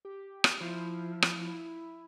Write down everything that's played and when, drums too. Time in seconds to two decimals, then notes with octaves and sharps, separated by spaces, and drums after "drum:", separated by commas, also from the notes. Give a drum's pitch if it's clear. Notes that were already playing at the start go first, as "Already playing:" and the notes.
0.05 G4
0.44 drum: rim click
0.61 F3 E4
1.22 drum: rim click